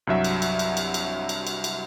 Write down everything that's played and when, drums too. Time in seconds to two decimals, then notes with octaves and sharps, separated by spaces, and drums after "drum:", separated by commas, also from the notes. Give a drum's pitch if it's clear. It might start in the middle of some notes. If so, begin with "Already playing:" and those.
0.07 C2 G2 F#3 E5
0.24 drum: cymbal
0.42 drum: cymbal
0.59 drum: cymbal
0.77 drum: cymbal
0.94 drum: cymbal
1.29 drum: cymbal
1.47 drum: cymbal
1.64 drum: cymbal